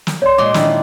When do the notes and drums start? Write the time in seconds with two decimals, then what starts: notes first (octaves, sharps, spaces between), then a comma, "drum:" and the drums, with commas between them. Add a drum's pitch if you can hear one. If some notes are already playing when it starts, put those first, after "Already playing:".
0.07 drum: snare
0.22 C#5 D5 C6
0.38 A#2 G#3 C6 D6
0.54 D#3 D4 E4, drum: snare